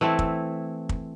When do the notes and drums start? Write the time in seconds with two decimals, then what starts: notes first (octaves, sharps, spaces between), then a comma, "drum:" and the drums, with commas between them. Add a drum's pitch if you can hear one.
0.01 E3 A3 C4 E4
0.19 drum: kick
0.89 drum: kick